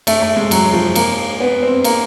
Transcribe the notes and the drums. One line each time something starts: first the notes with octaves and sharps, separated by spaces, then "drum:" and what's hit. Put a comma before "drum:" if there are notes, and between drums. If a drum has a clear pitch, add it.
A3, drum: cymbal
A3
G#3
F#3, drum: cymbal
F3
A#3, drum: cymbal
B3
C4
A#3, drum: cymbal